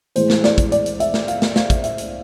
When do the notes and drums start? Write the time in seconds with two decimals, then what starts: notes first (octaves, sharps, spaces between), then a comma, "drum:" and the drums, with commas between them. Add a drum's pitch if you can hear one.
0.16 A2 E3 G#3 C5, drum: hi-hat
0.30 drum: snare
0.44 D5, drum: snare
0.58 drum: kick, hi-hat
0.72 D5, drum: hi-hat
0.86 drum: hi-hat
1.00 E5, drum: hi-hat
1.14 drum: snare
1.28 F5, drum: hi-hat
1.42 drum: snare
1.56 F5, drum: snare
1.70 drum: kick, hi-hat
1.84 E5, drum: hi-hat
1.98 drum: hi-hat